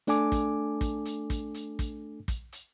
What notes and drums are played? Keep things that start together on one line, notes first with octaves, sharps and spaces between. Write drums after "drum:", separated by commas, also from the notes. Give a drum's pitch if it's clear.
A3 D4 A4 G#5 D6, drum: hi-hat
drum: kick, hi-hat
drum: kick, hi-hat
drum: hi-hat
drum: kick, hi-hat
drum: hi-hat
drum: kick, hi-hat
drum: kick, hi-hat
drum: hi-hat